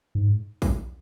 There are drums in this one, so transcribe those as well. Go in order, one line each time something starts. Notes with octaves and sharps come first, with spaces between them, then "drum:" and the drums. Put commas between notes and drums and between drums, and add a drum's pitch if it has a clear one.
G#2
drum: kick A#1, open hi-hat